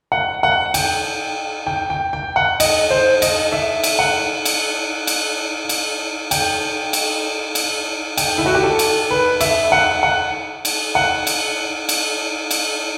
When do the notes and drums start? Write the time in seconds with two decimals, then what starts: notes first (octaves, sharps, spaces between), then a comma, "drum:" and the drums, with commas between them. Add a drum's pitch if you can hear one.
0.12 F#5
0.43 F#5
0.74 G5, drum: cymbal
1.67 G5
1.90 G5
2.13 G5
2.36 F#5
2.60 D#5, drum: cymbal
2.90 C5
3.22 D#5, drum: cymbal
3.52 E5
3.84 drum: cymbal
3.99 F#5
4.45 drum: cymbal
5.07 drum: cymbal
5.69 drum: cymbal
6.31 G5, drum: cymbal
6.93 drum: cymbal
7.55 drum: cymbal
8.17 G5, drum: cymbal
8.38 E4
8.46 F#4
8.55 G4
8.63 A4
8.79 drum: cymbal
9.11 B4
9.41 E5, drum: cymbal
9.72 F#5
10.03 F#5
10.65 drum: cymbal
10.95 F#5
11.27 drum: cymbal
11.89 drum: cymbal
12.51 drum: cymbal